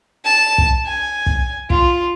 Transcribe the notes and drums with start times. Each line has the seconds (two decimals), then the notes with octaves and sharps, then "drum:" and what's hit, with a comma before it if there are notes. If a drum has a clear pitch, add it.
0.25 A5
0.58 drum: kick
0.86 G#5
1.26 drum: kick
1.70 F4, drum: kick